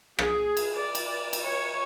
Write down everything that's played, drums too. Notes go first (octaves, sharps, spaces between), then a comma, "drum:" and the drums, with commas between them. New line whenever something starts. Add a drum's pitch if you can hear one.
G#4, drum: rim click
drum: cymbal
D5
drum: cymbal
drum: cymbal
C#5